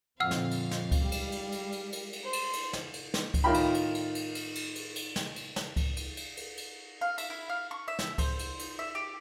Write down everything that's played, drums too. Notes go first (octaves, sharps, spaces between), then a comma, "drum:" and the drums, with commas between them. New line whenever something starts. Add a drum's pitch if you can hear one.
F2 A#2 D3 C4 F5 F#5 E6 F6
drum: snare
drum: cymbal
drum: snare
drum: kick C#2, cymbal
G3 G#3
drum: cymbal
drum: cymbal
drum: cymbal
drum: cymbal
drum: cymbal
drum: cymbal
C5
drum: cymbal
drum: cymbal
drum: snare
drum: cymbal
drum: snare
drum: kick C#2, cymbal
A2 D#3 F4 A#4 G5 B5
drum: cymbal
drum: cymbal
drum: cymbal
drum: cymbal
drum: cymbal
drum: cymbal
drum: cymbal
drum: cymbal
drum: snare
drum: cymbal
drum: snare
drum: kick C#2, cymbal
drum: cymbal
drum: cymbal
drum: cymbal
drum: cymbal
F5
E5, drum: cymbal
E4
F5
C#6
E5
drum: snare
C5, drum: kick C#2, cymbal
drum: cymbal
drum: cymbal
E5
G4